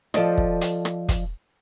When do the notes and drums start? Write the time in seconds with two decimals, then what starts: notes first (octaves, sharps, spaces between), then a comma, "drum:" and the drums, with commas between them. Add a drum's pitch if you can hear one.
0.14 F3 A4 D5 D#5, drum: rim click
0.38 drum: kick
0.61 drum: hi-hat
0.85 drum: rim click
1.09 drum: kick, hi-hat